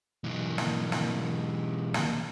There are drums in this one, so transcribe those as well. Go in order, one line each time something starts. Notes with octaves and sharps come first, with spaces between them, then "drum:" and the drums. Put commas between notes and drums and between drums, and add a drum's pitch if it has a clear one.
B1 E3
drum: snare
drum: snare
drum: snare